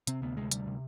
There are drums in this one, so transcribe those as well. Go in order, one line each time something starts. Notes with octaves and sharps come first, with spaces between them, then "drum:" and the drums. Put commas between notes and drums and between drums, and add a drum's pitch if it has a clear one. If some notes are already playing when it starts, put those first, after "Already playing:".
C3 C4, drum: hi-hat
D2 B3
C3 G#3
D2 G3, drum: hi-hat
C3